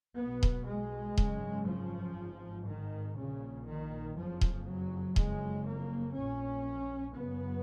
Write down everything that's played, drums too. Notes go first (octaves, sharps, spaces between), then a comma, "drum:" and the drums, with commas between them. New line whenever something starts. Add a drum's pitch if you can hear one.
B1 B2 B3
drum: kick D#1
G#3
G#1 F#2 C#3, drum: kick D#1
F3
G#1 G#2
D#3
A#1 A#2 C#3
D#3
F#1 F2 C#3 F3
drum: kick D#1
F#3
F#1 F2 C#3 G#3, drum: kick D#1
A#3
A#1 A#2 C#4
F#1 F#2 C#3 B3